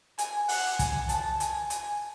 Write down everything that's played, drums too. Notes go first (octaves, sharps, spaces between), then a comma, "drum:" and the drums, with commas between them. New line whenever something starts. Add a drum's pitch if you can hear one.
G#5, drum: hi-hat
F#5, drum: open hi-hat
G#5, drum: kick, hi-hat
A5, drum: hi-hat
G#5, drum: hi-hat
G#5, drum: hi-hat